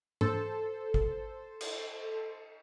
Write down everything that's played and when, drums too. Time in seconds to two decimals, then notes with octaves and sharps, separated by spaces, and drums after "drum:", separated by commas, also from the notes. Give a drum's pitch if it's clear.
0.21 A4 C5, drum: tom G#2
0.94 drum: kick G#1
1.61 drum: cymbal